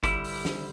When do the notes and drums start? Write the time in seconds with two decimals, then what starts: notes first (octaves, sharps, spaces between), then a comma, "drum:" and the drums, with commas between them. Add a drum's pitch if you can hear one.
0.04 D3 G3 E4, drum: kick G1, hi-hat
0.24 drum: open hi-hat
0.45 drum: snare